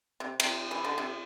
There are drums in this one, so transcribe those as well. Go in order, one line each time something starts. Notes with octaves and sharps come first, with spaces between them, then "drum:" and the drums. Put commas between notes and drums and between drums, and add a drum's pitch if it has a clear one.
C3
C3, drum: cymbal
E3
D3
C3